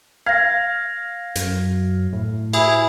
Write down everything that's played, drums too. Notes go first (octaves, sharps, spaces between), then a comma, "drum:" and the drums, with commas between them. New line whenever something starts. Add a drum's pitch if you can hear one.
F5 G#6 A#6
F#2, drum: hi-hat
A2
E4 G#4, drum: cymbal